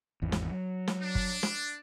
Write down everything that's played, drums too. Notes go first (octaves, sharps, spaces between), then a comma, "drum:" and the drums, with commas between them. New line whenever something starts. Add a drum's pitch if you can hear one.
G#1 E2
drum: snare
F#3
drum: snare
D4
drum: kick
drum: snare